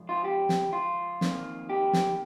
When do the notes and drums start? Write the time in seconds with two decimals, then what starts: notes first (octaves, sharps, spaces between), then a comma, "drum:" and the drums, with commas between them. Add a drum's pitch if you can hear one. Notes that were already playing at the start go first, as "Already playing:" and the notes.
Already playing: C#3 F3 G#3
0.09 F4
0.24 G4
0.49 drum: snare
0.73 F4
1.21 F2 D#3 G3 A#3, drum: snare
1.69 G4
1.93 drum: snare